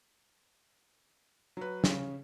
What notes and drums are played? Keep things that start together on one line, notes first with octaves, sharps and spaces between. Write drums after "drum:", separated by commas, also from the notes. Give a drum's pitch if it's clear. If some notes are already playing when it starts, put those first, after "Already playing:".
F#3 B4
C#3 C#4, drum: snare